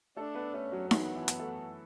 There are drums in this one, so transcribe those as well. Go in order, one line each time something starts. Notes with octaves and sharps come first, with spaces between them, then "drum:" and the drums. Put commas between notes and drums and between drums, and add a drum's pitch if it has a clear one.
A3 D4 A4
B3 B4
A3 C#4 A4
F#3 F#4
E3 B3 E4, drum: snare D#4
E3 E4
drum: hi-hat
A3 A4